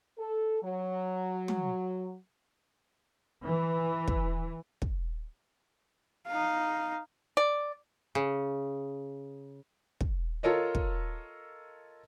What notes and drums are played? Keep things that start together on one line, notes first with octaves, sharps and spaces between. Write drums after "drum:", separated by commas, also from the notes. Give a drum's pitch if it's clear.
A4
F#3
drum: tom
E3
drum: kick
drum: kick
D#4 F5
D5
C#3
drum: kick
F4 A4 A#4 C#5 D#5
drum: kick